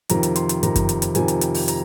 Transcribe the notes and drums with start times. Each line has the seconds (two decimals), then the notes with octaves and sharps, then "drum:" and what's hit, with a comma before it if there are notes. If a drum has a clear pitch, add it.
0.09 F2 C3 D#3 A#5, drum: hi-hat
0.23 drum: hi-hat
0.36 C6, drum: hi-hat
0.49 drum: hi-hat
0.63 F2 C3 D#3 A#5, drum: hi-hat
0.76 drum: kick F#2, hi-hat
0.89 drum: hi-hat
1.02 drum: hi-hat
1.15 F2 C3 D#3 G#5, drum: hi-hat
1.28 drum: hi-hat
1.41 drum: hi-hat
1.54 drum: open hi-hat
1.68 A#5, drum: hi-hat